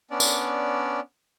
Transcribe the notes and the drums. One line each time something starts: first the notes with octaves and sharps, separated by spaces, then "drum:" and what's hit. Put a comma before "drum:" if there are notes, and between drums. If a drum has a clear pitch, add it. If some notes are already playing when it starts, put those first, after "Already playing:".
B3 C#4 D4 D5
drum: tambourine